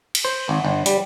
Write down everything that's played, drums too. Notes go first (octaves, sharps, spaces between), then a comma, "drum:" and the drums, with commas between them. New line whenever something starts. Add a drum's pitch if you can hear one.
drum: cymbal
C5
G#1
G1
G3, drum: hi-hat